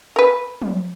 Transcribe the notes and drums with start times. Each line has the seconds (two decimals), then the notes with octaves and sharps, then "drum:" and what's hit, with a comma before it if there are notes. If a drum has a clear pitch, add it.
0.16 A#4 B4
0.62 drum: tom